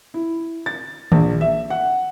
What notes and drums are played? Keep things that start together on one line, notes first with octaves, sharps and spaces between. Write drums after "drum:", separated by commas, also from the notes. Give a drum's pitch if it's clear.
E4
A6
A#1, drum: tom D#3
E5
F#5